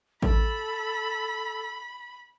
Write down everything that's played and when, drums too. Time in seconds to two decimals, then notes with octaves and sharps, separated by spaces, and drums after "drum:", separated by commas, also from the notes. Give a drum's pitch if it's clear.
0.23 A4 B5, drum: kick A1